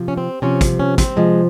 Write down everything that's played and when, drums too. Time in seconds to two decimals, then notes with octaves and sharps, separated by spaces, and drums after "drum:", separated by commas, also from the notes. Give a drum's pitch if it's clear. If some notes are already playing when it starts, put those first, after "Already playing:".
Already playing: C3 F3
0.08 C#4
0.17 C4
0.42 C3 F3 C#4
0.61 drum: kick, hi-hat
0.79 C#4
0.98 C4, drum: kick, hi-hat
1.16 C3 F3 G#3